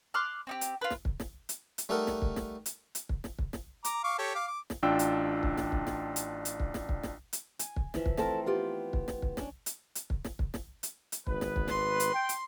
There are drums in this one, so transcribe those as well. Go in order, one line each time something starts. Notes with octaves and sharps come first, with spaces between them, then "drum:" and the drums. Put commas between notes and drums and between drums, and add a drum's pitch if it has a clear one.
C6 D6 F6 F#6
C4 D#4 G4
drum: hi-hat
F4 B4
drum: snare
drum: kick
drum: snare
drum: hi-hat
drum: hi-hat
G3 A3 D#4 A4 A#4 F#5
drum: snare
drum: kick
drum: snare
drum: hi-hat
drum: hi-hat
drum: kick
drum: snare
drum: kick
drum: snare
A#5 D6, drum: hi-hat
F5 C#6 D6
G4 A4 C#5
F5 D6
D6
drum: snare
A1 D4 F4 G5 E6
drum: hi-hat
drum: kick
drum: snare
drum: kick
drum: snare
drum: hi-hat
drum: hi-hat
drum: kick
drum: snare
drum: kick
drum: snare
drum: hi-hat
G#5, drum: hi-hat
drum: kick
E3 F3 E5, drum: snare
drum: kick
F2 A3 C4 A4 A#4 A5, drum: snare
B3 F4 G4
drum: kick
drum: snare
drum: kick
C#4 D4, drum: snare
drum: hi-hat
drum: hi-hat
drum: kick
drum: snare
drum: kick
drum: snare
drum: hi-hat
drum: hi-hat
G#1 B3 B4, drum: kick
drum: snare
drum: kick
C6, drum: snare
drum: hi-hat
G5
drum: hi-hat